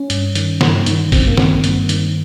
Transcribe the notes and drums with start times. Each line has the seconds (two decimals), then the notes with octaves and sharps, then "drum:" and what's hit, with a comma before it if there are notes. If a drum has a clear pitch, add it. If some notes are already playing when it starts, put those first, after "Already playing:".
Already playing: C#4
0.10 G2, drum: hi-hat
0.35 D#3, drum: hi-hat
0.61 G2, drum: snare
0.86 D#3, drum: hi-hat
1.12 G2 C4, drum: kick, open hi-hat
1.27 A#3
1.37 D#3 C4, drum: snare
1.64 G2, drum: hi-hat
1.89 D#3, drum: hi-hat